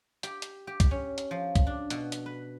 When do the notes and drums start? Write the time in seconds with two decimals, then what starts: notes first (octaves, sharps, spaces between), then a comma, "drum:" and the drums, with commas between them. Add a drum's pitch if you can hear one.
0.23 G4, drum: hi-hat
0.42 drum: hi-hat
0.67 G4
0.80 drum: kick, hi-hat
0.91 C#4
1.18 drum: hi-hat
1.31 F3
1.56 drum: kick, hi-hat
1.67 D4
1.90 B2, drum: hi-hat
2.12 drum: hi-hat
2.26 B4